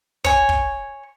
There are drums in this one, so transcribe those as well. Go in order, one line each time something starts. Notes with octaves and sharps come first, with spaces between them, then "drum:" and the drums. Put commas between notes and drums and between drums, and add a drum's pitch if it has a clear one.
C#5 G#5, drum: kick
drum: kick